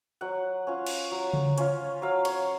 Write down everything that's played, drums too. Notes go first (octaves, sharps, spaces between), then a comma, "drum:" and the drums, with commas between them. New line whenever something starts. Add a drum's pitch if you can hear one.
F#3 F#5
C#4 F4
drum: cymbal
F#3
drum: tom C#3
C#4 F4, drum: hi-hat
F#3 F5
C#5, drum: cymbal